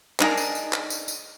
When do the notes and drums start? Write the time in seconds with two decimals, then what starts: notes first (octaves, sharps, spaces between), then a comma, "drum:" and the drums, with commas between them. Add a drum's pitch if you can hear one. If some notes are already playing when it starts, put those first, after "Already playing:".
0.20 D4 D#4 F#4 G#4 A#4, drum: clap
0.37 drum: tambourine
0.55 drum: tambourine
0.73 drum: clap
0.90 drum: tambourine
1.08 drum: tambourine